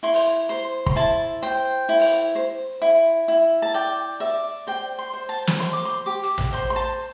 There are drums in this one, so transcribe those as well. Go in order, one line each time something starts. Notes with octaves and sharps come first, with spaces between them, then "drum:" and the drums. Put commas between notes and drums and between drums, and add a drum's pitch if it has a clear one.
E4 C6
drum: open hi-hat
C5 C6
C6, drum: kick
E4 A5
C5 G5
E4
drum: open hi-hat
C5
E4
E4
A5
D5 G5
D5 E5
C5 G5
C6
C5
A5
drum: snare
C5 C6
D6
C6
G4 D6
drum: hi-hat
drum: tom A1
C5 C6
C6
A5